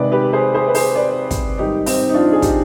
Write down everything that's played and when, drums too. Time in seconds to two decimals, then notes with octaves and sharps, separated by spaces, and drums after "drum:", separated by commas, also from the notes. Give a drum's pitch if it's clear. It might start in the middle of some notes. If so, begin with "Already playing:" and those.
Already playing: C3 D#3 G#3 B4 D5
0.12 G4 B4
0.33 G#4 C5
0.54 G#4 C5
0.68 B4
0.75 G#4 C5, drum: open hi-hat
0.95 B4 D5
1.31 drum: kick, hi-hat
1.58 G#2 D#3 G3 D#4 G4
1.86 C4 D#4, drum: open hi-hat
2.09 D#4
2.14 D4 F4
2.33 G#4
2.42 D#4 G4, drum: kick, hi-hat